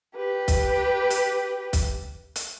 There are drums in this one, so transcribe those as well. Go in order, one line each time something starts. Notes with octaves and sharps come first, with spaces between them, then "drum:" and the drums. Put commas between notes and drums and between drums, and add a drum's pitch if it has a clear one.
G4 B4
drum: kick, hi-hat
drum: hi-hat
drum: kick, hi-hat
drum: hi-hat